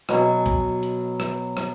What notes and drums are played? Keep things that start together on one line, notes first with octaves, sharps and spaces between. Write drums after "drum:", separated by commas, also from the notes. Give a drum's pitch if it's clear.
B2 F#3 G#5, drum: rim click
drum: kick C2, hi-hat
drum: hi-hat
drum: rim click
drum: rim click